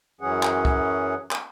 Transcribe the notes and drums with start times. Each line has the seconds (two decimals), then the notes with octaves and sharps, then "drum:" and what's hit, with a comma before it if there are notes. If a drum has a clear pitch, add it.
0.21 F#2 E3 F#3 C#4 G#4 F#5
0.43 drum: clap
0.65 drum: kick
1.31 drum: clap